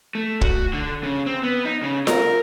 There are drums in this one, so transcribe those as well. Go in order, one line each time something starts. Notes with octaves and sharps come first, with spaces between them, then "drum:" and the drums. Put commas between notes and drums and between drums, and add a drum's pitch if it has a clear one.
A3
F#4, drum: kick
D3
C#3
C4
B3
D#4
C#3
A#4, drum: snare F4